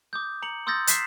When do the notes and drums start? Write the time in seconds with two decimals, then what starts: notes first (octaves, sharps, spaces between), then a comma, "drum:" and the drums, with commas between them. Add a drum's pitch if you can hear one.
0.13 D6 D#6 G6
0.42 A#5 C#7 F#7
0.67 C6 D#6 E6 G6 A6 A#6
0.87 F#6 B6 C7 E7, drum: hi-hat